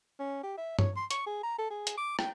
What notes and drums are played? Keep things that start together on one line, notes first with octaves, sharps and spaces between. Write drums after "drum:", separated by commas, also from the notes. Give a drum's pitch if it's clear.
C#4
G4
E5
C#5, drum: tom G2
C6
C#6, drum: hi-hat
G#4
A#5
A4
G#4
drum: hi-hat
D6
G5, drum: rim click